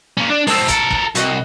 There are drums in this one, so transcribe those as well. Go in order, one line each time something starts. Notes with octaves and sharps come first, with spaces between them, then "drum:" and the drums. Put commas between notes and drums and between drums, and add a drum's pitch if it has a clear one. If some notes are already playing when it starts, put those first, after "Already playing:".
A#3 C#4
D4
G#3 C4 A5 E6, drum: open hi-hat
A4 A#4, drum: kick, hi-hat
drum: kick
C2 F#4 D#5, drum: hi-hat